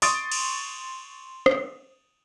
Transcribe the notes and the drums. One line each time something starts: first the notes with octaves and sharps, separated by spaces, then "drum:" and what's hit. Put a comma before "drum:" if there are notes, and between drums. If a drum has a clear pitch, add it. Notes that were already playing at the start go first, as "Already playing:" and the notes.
C6 C#6 D#6 A6 D7, drum: open hi-hat
drum: cymbal
drum: rim click